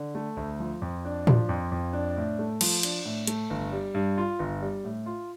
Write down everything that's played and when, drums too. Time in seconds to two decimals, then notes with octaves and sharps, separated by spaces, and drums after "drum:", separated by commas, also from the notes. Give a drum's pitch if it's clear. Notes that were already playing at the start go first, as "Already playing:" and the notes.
Already playing: D3
0.15 A3
0.37 D2
0.60 F3
0.82 F2
1.05 D4
1.27 F3, drum: tom A2
1.49 F2
1.72 F2
1.93 D4
2.17 A2
2.39 A3
2.61 F3, drum: cymbal
2.83 D4, drum: hi-hat
3.05 A2
3.27 A3, drum: hi-hat
3.50 G1
3.72 G3
3.95 G2
4.18 F4
4.39 G1
4.61 G3
4.84 A2
5.06 F4